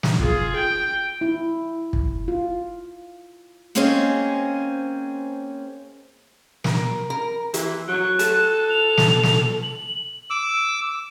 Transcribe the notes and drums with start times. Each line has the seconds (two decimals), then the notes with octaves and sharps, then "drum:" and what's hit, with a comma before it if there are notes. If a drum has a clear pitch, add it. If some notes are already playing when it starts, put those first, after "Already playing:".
0.03 drum: snare
0.19 F4 G#4, drum: kick
0.56 G5
1.21 E4
1.93 drum: kick
2.28 F4
3.75 A#3 C4 C#4 G#4 C5 D#5
6.64 A#4, drum: snare
7.10 A#4
7.54 E3, drum: hi-hat
7.88 F#3 F#6
8.19 A4, drum: hi-hat
8.70 F7
8.98 drum: snare
9.23 drum: snare
9.63 F#7
10.30 D6 E6